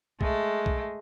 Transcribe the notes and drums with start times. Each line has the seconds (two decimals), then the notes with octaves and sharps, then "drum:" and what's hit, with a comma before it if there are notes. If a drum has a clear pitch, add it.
0.21 G#3 A3, drum: kick B1
0.66 drum: kick B1